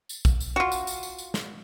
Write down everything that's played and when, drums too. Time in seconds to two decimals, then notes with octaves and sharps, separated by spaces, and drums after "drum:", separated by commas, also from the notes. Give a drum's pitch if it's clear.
0.09 drum: tambourine
0.25 drum: kick A#1, tambourine
0.40 drum: tambourine
0.56 F4 F#4
0.72 drum: tambourine
0.87 drum: tambourine
1.03 drum: tambourine
1.18 drum: tambourine
1.34 drum: snare